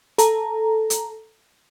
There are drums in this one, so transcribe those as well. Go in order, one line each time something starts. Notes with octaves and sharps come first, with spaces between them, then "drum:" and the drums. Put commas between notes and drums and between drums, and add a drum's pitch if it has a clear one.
A4 A#5, drum: hi-hat
drum: hi-hat